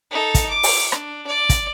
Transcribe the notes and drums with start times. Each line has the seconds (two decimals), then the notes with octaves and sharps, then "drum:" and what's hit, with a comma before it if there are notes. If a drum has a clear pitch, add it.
0.11 D#4 A4
0.35 drum: kick, hi-hat
0.49 D6
0.63 drum: open hi-hat
0.92 D4, drum: rim click
1.27 D5
1.49 drum: kick, hi-hat